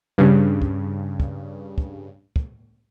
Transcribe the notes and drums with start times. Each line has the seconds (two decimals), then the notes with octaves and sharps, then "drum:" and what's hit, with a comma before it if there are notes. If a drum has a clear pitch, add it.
0.18 G2 C#3
0.62 drum: kick
1.20 drum: kick
1.78 drum: kick
2.36 drum: kick